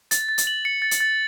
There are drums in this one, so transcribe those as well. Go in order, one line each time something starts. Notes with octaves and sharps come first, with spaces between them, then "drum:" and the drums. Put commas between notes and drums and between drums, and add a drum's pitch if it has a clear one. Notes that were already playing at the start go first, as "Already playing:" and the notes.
A6, drum: hi-hat
A6
drum: hi-hat
F#7
C#7
A6
drum: hi-hat
A6